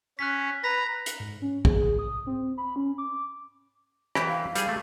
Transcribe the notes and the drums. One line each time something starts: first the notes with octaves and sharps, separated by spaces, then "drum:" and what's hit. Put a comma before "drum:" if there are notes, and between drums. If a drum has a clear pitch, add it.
C#4 F#6 B6
B4 A#5 A#6 B6
drum: hi-hat
G#2
C#4
G#4, drum: kick
D#6
C4
B5
C#4
D6
E3 E4 G4, drum: rim click
F5
G3 G#4, drum: hi-hat
A3 A#3